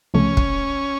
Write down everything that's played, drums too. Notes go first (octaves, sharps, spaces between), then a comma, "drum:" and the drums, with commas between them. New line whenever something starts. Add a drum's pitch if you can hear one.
C#2 C3 F3 A3 C#4
drum: kick